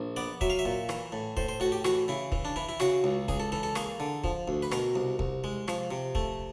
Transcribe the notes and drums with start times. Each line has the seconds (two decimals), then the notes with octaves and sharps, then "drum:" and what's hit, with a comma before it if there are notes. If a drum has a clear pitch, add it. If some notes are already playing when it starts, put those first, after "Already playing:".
Already playing: A#1
0.16 B3 D5
0.41 F#3 E5, drum: kick
0.50 F5
0.59 E5
0.65 A#2
0.89 E3, drum: rim click
1.12 A2
1.37 A2 C5, drum: kick
1.49 C5
1.60 A2 F#4
1.72 G4
1.84 E3 F#4, drum: rim click
2.08 C#3 E4
2.32 E3, drum: kick
2.45 D4
2.56 E3 E4
2.69 E4
2.80 C#3 F#4, drum: rim click
3.04 C#2
3.28 C#2 G#4, drum: kick
3.40 A4
3.52 E3 A4
3.63 A4
3.75 A#3 G#4, drum: rim click
4.00 D3
4.24 F3, drum: kick
4.48 D2
4.63 B4
4.71 B2 A#4, drum: rim click
4.96 C2
5.19 C2, drum: kick
5.44 G#3
5.68 F3, drum: rim click
5.91 C3
6.15 A3, drum: kick